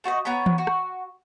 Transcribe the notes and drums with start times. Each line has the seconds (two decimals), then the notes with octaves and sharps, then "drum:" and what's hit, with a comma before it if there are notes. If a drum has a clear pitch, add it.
0.04 A3 F#4 C#5 D#5
0.25 B3 C#5 A#5 B5
0.46 drum: tom E3
0.58 F#4
0.67 drum: rim click